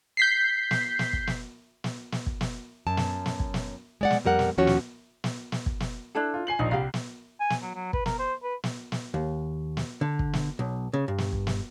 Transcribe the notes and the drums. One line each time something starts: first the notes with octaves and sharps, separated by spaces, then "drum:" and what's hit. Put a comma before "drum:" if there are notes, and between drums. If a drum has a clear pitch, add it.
G6 B6 C7
drum: snare
drum: snare
drum: kick
drum: snare
drum: snare
drum: snare
drum: kick
drum: snare
F#2 A5
drum: snare
drum: snare
drum: kick
drum: snare
G#3 D5 F#5
drum: snare
F2 G3 A#4 F#5
drum: snare
D#2 F3 C#4 F#4 C#5
drum: snare
drum: snare
drum: snare
drum: kick
drum: snare
D4 E4 A4
F4
G#5 C7 F#7
A#1 D#4
C2 G4 F5
drum: snare
G#5
drum: snare
F#3
F#3
B4, drum: kick
A#4, drum: snare
C5
B4
drum: snare
drum: snare
D#2
drum: snare
D3
drum: kick
drum: snare
B1
C#3
G2
drum: snare
drum: kick
drum: snare